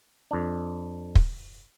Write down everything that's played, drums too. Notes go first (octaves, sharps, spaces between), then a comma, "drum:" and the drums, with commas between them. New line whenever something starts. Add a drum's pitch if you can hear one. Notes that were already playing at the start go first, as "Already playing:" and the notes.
F2 D4
drum: kick